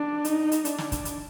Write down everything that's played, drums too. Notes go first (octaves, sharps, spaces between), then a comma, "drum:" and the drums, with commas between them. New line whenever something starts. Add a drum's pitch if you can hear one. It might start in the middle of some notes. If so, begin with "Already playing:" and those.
Already playing: D4
D#4, drum: hi-hat
drum: hi-hat
D4, drum: hi-hat
drum: snare
drum: kick, hi-hat
drum: hi-hat